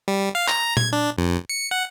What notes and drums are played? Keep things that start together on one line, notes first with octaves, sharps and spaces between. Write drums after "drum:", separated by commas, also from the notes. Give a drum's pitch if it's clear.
G3
F5
A#5, drum: clap
G#6, drum: tom A#2
D4
F2
C#7
F#5